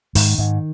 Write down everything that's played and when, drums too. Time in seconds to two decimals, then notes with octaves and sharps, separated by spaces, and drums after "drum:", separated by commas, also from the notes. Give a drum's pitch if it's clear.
0.15 G#2 D#3, drum: open hi-hat
0.38 G#2